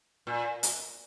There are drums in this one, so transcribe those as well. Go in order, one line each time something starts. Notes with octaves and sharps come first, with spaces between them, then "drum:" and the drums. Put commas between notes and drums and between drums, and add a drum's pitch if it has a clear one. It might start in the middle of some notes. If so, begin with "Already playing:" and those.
A#2
drum: hi-hat